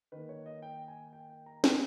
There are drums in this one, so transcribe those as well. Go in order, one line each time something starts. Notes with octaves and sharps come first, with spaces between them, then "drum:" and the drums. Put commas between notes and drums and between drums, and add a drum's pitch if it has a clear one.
D#3 A#3 B4
C#5
D#5
G5
G#5
G5
G5
A#5
A#5, drum: snare